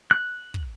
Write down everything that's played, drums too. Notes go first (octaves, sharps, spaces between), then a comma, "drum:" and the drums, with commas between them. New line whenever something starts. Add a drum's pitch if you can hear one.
F#6
drum: kick